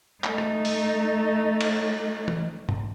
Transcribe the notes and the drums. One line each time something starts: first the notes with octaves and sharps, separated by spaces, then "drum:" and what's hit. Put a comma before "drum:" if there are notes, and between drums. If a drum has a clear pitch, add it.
A3 D#4, drum: clap
drum: rim click
drum: open hi-hat
drum: cymbal
drum: tom
drum: tom G2